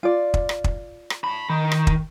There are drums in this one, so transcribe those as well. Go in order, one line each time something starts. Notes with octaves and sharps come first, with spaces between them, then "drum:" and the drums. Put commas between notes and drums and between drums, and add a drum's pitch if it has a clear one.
F4 D5
drum: kick
drum: rim click
drum: kick
drum: rim click
A5 B5
D#3
drum: rim click
drum: kick